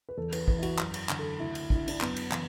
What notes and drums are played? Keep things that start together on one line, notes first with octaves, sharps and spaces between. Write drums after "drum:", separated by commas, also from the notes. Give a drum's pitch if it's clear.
B4
E2 A4
B4, drum: cymbal
E3 B4, drum: kick
E4
F#4, drum: cymbal
F#2, drum: clap
drum: cymbal
D3, drum: clap
A4
D2 E4
drum: cymbal
D3, drum: kick
E4
D4, drum: cymbal
F#2 B3, drum: clap
drum: cymbal
E3, drum: clap